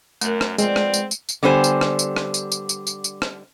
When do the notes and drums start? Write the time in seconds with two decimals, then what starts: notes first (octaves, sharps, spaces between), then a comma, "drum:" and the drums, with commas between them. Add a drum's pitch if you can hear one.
0.21 F#2 A3 A#4, drum: tambourine
0.41 drum: rim click
0.58 F3 G#3 B3 C4 D5, drum: tambourine
0.76 drum: rim click
0.94 drum: tambourine
1.11 drum: tambourine
1.29 drum: tambourine
1.43 D3 G3 B3 G4 C5 G#5
1.64 drum: tambourine
1.81 drum: rim click
1.99 drum: tambourine
2.16 drum: rim click
2.34 drum: tambourine
2.52 drum: tambourine
2.69 drum: tambourine
2.87 drum: tambourine
3.04 drum: tambourine
3.22 drum: rim click